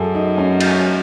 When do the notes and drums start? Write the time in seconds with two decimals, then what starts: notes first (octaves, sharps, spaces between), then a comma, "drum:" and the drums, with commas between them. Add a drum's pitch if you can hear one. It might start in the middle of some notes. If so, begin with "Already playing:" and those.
Already playing: F#2 G#4 A4
0.15 D#4
0.38 C#4
0.60 drum: cymbal